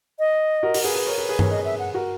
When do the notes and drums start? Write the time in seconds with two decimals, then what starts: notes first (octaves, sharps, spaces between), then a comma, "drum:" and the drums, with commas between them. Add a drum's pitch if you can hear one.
0.19 D#5
0.63 F#4 A#4
0.74 F#4 A#4, drum: open hi-hat
0.84 G#4 B4
0.95 G#4 B4
1.06 A#4 C#5
1.18 G#4 B4
1.29 G#4 B4
1.39 A#4 C#5, drum: tom G2
1.50 G#4 B4 D#5
1.65 E5
1.79 F#5
1.94 F#4 A#4